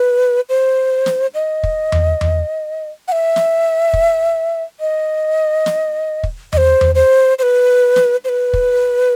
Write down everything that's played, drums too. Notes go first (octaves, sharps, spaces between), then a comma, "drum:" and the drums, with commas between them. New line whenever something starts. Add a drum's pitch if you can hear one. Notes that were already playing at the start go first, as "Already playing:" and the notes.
Already playing: B4
C5
drum: snare
D#5
drum: kick
drum: tom E2
drum: tom E2
F#5
E5
drum: snare
drum: kick
D#5
drum: snare
drum: kick
D#5, drum: tom E2
C5
drum: tom E2
C5
C5
B4
drum: snare
C5
B4
drum: kick